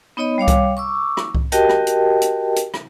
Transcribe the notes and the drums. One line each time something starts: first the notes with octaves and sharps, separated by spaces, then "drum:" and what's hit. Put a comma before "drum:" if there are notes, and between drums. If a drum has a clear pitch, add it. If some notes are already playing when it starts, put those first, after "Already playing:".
B3 D#4 C#5 D#5 B5
G3 C#5 F5 D6
drum: kick C2, hi-hat
C#6 D6 E6
drum: rim click
drum: kick C2
F#4 G4 A#4 D#5 G5 A5, drum: hi-hat
drum: rim click
drum: hi-hat
drum: hi-hat
drum: hi-hat
drum: rim click